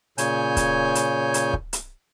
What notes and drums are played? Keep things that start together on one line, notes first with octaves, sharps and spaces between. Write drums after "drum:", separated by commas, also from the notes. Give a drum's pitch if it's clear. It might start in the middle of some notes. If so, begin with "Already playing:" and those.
A#2 C#3 C#5 G#5 G6, drum: hi-hat
drum: kick, hi-hat
drum: hi-hat
drum: hi-hat
drum: kick
drum: hi-hat